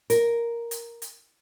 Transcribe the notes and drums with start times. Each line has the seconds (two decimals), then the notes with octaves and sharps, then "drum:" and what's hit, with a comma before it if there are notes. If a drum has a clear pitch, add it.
0.10 A#4, drum: hi-hat
0.71 drum: hi-hat
1.02 drum: hi-hat